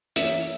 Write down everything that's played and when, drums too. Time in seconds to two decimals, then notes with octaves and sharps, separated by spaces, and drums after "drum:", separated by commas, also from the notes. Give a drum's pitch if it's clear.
0.16 E3 A#3 C#4 E5, drum: hi-hat